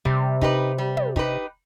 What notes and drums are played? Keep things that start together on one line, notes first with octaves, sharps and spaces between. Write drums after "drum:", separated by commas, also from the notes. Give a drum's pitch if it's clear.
C3 G3, drum: kick
D#4 G4 B4, drum: kick
G3
drum: tom
D#4 G4 B4, drum: kick